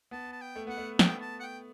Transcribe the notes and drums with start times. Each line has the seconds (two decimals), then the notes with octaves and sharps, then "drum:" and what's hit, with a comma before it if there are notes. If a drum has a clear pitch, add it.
0.11 B3 A5
0.33 A5
0.42 G5
0.56 A3
0.67 B3 F#5
0.78 A3
0.99 B3 G5, drum: snare
1.21 A5
1.40 F#5
1.43 G5